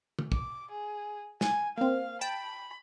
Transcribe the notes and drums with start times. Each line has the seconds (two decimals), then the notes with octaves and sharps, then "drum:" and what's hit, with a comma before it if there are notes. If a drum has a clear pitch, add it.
0.19 drum: tom
0.32 D6, drum: kick
0.71 G#4
1.41 G#5, drum: snare
1.78 A#3 C4 F5
2.21 G5 A5 B5